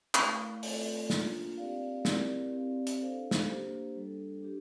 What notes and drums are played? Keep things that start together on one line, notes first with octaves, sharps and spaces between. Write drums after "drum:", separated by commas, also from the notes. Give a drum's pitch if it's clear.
A3 E4 A#4 F5, drum: clap
A3 C4 F4 A4 D5, drum: open hi-hat
A#3 D4 F4 A#4, drum: snare
C4 G4 A#4 D5 F5
C4 E4 G4 A#4 D5, drum: snare
C4 G4 D5 F5
drum: hi-hat
D4 A4 C5 F5
drum: snare
A#3 D4 G4 C5
G3 D4 A4
D4 G4